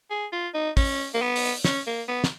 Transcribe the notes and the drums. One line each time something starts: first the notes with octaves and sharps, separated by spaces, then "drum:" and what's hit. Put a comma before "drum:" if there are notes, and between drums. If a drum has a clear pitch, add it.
G#4
F4
D#4
C#4, drum: kick, open hi-hat
A#3
B3
drum: open hi-hat
C#4, drum: snare
A#3
B3
drum: snare